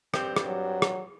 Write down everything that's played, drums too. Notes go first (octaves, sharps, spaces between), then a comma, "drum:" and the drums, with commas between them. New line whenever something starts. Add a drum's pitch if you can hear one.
G2 C4 G4, drum: rim click
drum: rim click
F#3
drum: rim click